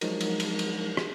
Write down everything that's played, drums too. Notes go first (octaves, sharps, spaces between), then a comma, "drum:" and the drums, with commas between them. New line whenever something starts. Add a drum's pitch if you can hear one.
F3 F#3 G#3 D#4 F#4 A#4, drum: cymbal
drum: cymbal
drum: cymbal
drum: cymbal
drum: rim click